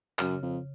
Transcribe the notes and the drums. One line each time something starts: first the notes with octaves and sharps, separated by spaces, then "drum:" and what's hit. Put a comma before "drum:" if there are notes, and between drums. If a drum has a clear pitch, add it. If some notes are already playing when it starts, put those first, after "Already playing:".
F#2 C#3, drum: clap
F2